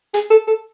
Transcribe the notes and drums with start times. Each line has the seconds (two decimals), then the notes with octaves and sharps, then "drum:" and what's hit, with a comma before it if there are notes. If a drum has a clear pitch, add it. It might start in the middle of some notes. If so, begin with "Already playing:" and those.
0.14 G#4, drum: hi-hat
0.31 A4
0.47 A4